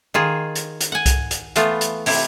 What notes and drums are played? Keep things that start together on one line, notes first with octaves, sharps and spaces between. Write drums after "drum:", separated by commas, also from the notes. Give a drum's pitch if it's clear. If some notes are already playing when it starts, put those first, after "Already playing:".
D#3 F4 G#4
drum: hi-hat
drum: hi-hat
F#5 G#5
drum: kick C2, hi-hat
drum: hi-hat
E3 A3 B3 F4, drum: hi-hat
drum: hi-hat
C3 E4 G4, drum: open hi-hat